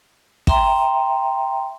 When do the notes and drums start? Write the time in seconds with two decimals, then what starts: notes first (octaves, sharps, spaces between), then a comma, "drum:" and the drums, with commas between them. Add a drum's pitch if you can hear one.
0.47 E5 G5 A#5 C6, drum: kick